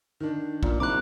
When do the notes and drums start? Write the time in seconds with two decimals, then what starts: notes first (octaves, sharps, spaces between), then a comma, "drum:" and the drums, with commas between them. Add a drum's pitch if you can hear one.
0.20 D#3 D4
0.63 A#2, drum: kick
0.80 C2 D#3 D6 F#6